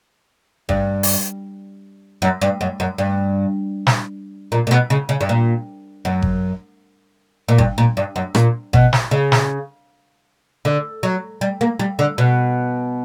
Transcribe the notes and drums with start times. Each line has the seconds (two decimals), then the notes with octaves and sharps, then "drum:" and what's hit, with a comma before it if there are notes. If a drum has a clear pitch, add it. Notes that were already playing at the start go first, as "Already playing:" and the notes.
0.69 G2, drum: kick G#1
1.03 drum: open hi-hat
2.22 F#2
2.42 G2
2.61 F#2
2.80 F#2
2.98 G2
3.87 drum: snare
4.52 A#2
4.67 A#2
4.71 B2
4.90 C#3
5.09 C#3
5.21 G2
5.29 A#2
6.05 F#2
6.22 drum: kick G#1
7.48 A#2
7.58 G2, drum: kick G#1
7.78 A#2
7.97 G2
8.16 F#2
8.35 A#2, drum: rim click
8.73 B2, drum: kick G#1
8.93 drum: snare
9.11 C#3
9.32 drum: snare
10.65 D3
11.03 F#3
11.41 G3
11.61 A#3
11.79 G3
11.99 D3
12.18 B2